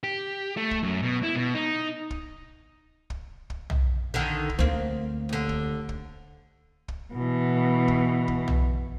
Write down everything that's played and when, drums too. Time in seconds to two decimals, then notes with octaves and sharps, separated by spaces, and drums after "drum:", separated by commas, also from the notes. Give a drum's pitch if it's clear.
0.04 G4
0.57 A3
0.71 drum: kick
0.83 F#2
1.02 B2
1.23 E4
1.36 B2
1.54 D#4
2.10 drum: kick
3.10 drum: kick
3.50 drum: kick
3.70 drum: tom
4.14 D3 D#3
4.49 drum: kick
4.59 D2 A#3 C4
5.29 D#2 D3
5.49 drum: kick
5.89 drum: kick
6.88 drum: kick
7.13 B2 E3
7.88 drum: kick
8.28 drum: kick
8.48 drum: tom